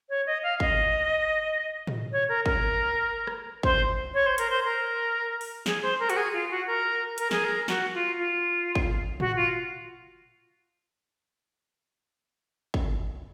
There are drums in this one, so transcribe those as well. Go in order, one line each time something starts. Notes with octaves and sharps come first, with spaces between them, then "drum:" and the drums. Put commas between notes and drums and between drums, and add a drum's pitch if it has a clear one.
C#5
D#5
F5
D#5, drum: kick
drum: tom A2
C#5
A#4
A#4, drum: kick
drum: rim click
C5, drum: kick
C#5
C5
A#4, drum: hi-hat
C5
A#4
drum: open hi-hat
G#4, drum: snare
C5
A#4
F#4, drum: hi-hat
G#4
F4
F#4
A#4
A#4, drum: hi-hat
G#4, drum: snare
A#4
F#4, drum: snare
F4
F4
drum: kick
F#4, drum: tom A2
F4
drum: kick